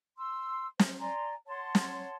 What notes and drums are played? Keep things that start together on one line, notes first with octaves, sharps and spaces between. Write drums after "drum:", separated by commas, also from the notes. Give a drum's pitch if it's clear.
C6 E6
C5, drum: snare
D5 G#5 A#5 C6
C#5 F#5 A5 C6
drum: snare